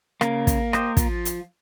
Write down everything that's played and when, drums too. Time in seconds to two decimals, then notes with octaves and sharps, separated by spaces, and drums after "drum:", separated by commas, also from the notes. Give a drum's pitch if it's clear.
0.21 C#3 A#3, drum: rim click
0.47 drum: kick, hi-hat
0.73 G4 C5 D#5, drum: rim click
0.97 F3 F4, drum: kick, hi-hat
1.25 drum: hi-hat